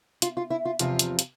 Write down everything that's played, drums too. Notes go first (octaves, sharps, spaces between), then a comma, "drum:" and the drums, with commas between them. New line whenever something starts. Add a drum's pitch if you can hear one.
F4, drum: hi-hat
F4
E4
F4
E2 C3 F3 F4, drum: hi-hat
drum: hi-hat
drum: hi-hat